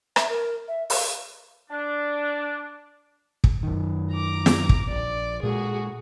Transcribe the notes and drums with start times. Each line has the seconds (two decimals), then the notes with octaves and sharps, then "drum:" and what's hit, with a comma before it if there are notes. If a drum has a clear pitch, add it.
0.16 E5, drum: rim click
0.29 A#4
0.68 E5
0.90 F5, drum: open hi-hat
1.70 D4
3.44 drum: kick
3.63 F#2 D#3
4.13 A#5 D6
4.46 drum: snare
4.69 drum: kick
4.90 A#1 D5
5.43 A#2 G#3 F#4 G#4